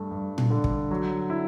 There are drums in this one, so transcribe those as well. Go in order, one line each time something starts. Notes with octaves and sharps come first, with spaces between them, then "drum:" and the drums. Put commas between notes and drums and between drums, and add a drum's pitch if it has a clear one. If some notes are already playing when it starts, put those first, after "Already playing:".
Already playing: G2 A3
G2
drum: tom A#2
D3
drum: kick
F#3
E4